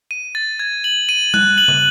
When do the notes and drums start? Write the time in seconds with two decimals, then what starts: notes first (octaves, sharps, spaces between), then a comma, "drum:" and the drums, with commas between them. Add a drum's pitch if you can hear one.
0.11 D#7
0.35 A6
0.59 G#6
0.84 F#7
1.09 D#7
1.34 F#6, drum: tom G3
1.58 F#7
1.68 drum: tom